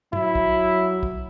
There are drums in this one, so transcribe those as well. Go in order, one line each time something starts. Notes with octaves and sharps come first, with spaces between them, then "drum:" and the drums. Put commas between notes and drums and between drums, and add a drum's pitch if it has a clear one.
F#3 E4, drum: tom
drum: kick
drum: kick